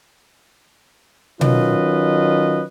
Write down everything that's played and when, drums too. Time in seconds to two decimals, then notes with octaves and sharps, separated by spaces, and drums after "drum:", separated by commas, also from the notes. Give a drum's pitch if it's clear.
1.41 D#3 F#3 C#4 F4 B4 D#5, drum: tom B2